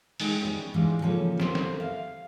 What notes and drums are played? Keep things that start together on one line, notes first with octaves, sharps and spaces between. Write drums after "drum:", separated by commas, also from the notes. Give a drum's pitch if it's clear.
G#3 D#4 G5, drum: open hi-hat
G3 B3 C#4
G#2 E3 G3 G#3 F5
C#3 F3 A#3 C#4 G4 A4
G4 A4 A#4 C5, drum: snare
drum: snare
F5